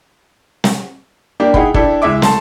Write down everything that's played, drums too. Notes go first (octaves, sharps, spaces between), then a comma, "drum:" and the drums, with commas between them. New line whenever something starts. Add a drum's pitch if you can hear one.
drum: snare
G3 A#3 D4 G4
D#4 E4 G#4 F#5 G5 B5, drum: kick
D4 E4 G4 A4, drum: kick
C#2 G#3 E4 E5 D6
A3 A5 C6, drum: snare